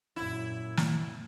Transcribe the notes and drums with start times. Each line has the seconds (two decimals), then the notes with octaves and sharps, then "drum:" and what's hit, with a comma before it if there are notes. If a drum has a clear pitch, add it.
0.16 F#2 A#2 E4
0.77 drum: snare